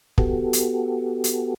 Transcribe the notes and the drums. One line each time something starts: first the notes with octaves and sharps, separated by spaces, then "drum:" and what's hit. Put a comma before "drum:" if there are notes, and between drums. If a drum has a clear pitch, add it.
B3 F#4 G4 A4, drum: kick
drum: hi-hat
drum: hi-hat